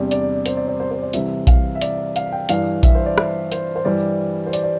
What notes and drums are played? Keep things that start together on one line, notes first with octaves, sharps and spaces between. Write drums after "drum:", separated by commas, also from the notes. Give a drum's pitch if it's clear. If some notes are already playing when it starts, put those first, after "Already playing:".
Already playing: E2 C3 G3 D4
D5, drum: hi-hat
C5, drum: hi-hat
D5
D5
C5
C5
D5
C2 C3 E3 E5, drum: hi-hat
F5, drum: kick A#1, hi-hat
E5
D5, drum: hi-hat
F5, drum: hi-hat
G5
G2 E3 G3 F5, drum: hi-hat
E5, drum: kick A#1, hi-hat
C5
D5
E5, drum: rim click
C5, drum: hi-hat
C5
G2 E3 G3 D5
C5
D5, drum: hi-hat
D5